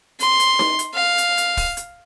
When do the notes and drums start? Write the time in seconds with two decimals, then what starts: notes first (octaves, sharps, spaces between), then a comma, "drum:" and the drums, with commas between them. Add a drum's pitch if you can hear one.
0.20 C6, drum: hi-hat
0.40 drum: hi-hat
0.59 drum: snare D#4
0.79 drum: hi-hat
0.94 F5
1.18 drum: hi-hat
1.38 drum: hi-hat
1.57 drum: kick, open hi-hat
1.77 drum: hi-hat